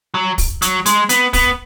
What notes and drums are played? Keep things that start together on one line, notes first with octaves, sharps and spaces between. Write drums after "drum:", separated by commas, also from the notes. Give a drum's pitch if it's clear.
F#3
drum: kick, open hi-hat
F#3, drum: hi-hat
G#3, drum: hi-hat
B3, drum: hi-hat
B3, drum: kick, open hi-hat